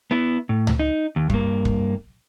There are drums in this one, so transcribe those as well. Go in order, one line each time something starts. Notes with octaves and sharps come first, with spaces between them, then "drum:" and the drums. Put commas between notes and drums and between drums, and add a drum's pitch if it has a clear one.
B3 E4
A2
drum: tom C#2
D#4
D#2
G2 A#3, drum: kick
drum: kick